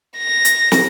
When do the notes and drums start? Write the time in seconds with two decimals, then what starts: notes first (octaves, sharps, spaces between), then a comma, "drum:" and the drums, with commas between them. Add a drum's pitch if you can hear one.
0.18 A#6
0.45 drum: hi-hat
0.72 drum: snare